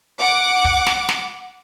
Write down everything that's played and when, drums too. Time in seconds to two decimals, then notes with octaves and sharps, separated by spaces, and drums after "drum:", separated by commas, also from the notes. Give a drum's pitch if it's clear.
0.20 F#5 D6
0.65 drum: kick
0.87 drum: snare
1.09 drum: snare